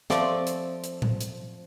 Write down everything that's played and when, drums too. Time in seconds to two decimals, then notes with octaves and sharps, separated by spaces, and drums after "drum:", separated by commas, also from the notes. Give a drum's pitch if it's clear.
0.10 F3 A3 C4 D5, drum: snare
0.47 drum: hi-hat
0.84 drum: hi-hat
1.02 drum: tom A2
1.21 drum: hi-hat